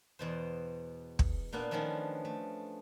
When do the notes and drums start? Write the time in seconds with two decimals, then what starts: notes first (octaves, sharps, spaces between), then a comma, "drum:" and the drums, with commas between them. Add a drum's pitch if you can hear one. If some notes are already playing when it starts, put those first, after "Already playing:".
0.19 E2 B2 C5
1.19 drum: kick
1.52 A#2 A#3 B3 D4 F#4
1.71 D#3 F3 A3 B3 C#4 D4
2.25 A3